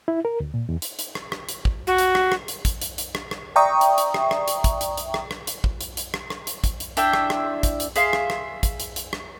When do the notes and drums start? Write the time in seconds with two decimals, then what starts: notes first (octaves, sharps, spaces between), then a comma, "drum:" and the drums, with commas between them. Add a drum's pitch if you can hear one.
0.08 E4
0.25 A#4
0.40 D2
0.54 A#2
0.69 E2
0.82 drum: hi-hat
0.99 drum: hi-hat
1.15 drum: rim click
1.32 drum: rim click
1.49 drum: hi-hat
1.65 drum: kick
1.87 F#4
1.98 drum: hi-hat
2.15 drum: rim click
2.32 drum: rim click
2.48 drum: hi-hat
2.65 drum: kick, hi-hat
2.81 drum: hi-hat
2.98 drum: hi-hat
3.15 drum: rim click
3.31 drum: rim click
3.56 D5 E5 G5 A#5 C#6 D#6
3.81 drum: hi-hat
3.98 drum: hi-hat
4.14 drum: rim click
4.31 drum: rim click
4.48 drum: hi-hat
4.64 drum: kick, hi-hat
4.81 drum: hi-hat
4.97 drum: hi-hat
5.14 drum: rim click
5.31 drum: rim click
5.47 drum: hi-hat
5.64 drum: kick
5.81 drum: hi-hat
5.97 drum: hi-hat
6.14 drum: rim click
6.30 drum: rim click
6.47 drum: hi-hat
6.64 drum: kick, hi-hat
6.80 drum: hi-hat
6.97 D4 E4 E5 G5, drum: hi-hat
7.13 drum: rim click
7.30 drum: rim click
7.63 drum: kick, hi-hat
7.80 drum: hi-hat
7.96 G#4 E5 F5 C6, drum: hi-hat
8.13 drum: rim click
8.30 drum: rim click
8.63 drum: kick, hi-hat
8.80 drum: hi-hat
8.96 drum: hi-hat
9.13 drum: rim click